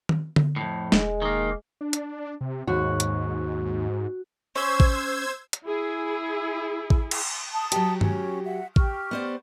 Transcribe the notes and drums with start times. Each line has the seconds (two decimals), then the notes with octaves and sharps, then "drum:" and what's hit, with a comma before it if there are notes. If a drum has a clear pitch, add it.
0.09 drum: tom D#3
0.36 drum: tom D3
0.56 F2 A2
0.92 E1 G#3, drum: snare
1.22 D#3 A#3
1.81 D4
1.93 drum: hi-hat
2.41 C3
2.67 D#2 G#2 F#4
3.00 drum: hi-hat
4.55 C#4 C5 E6 G#6
4.80 drum: kick A1
5.53 drum: hi-hat
5.65 E4 G#4
6.90 drum: kick A1
7.11 drum: cymbal
7.53 A5 D#6
7.72 F#3 G4, drum: hi-hat
8.01 C#4, drum: tom
8.46 E5 F#5
8.76 G4 C#6 F6, drum: kick A1
9.11 B3 C5 D5